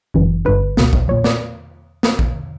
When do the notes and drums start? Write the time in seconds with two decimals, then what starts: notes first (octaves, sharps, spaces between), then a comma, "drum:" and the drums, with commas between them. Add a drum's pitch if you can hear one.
0.14 G1 F#2 E3
0.45 G1 G2 D3 B4
0.77 C#2 B2, drum: snare
0.93 drum: kick A#1
1.08 B1 A#2 C#5
1.24 D5, drum: snare
2.03 drum: snare
2.19 drum: kick A#1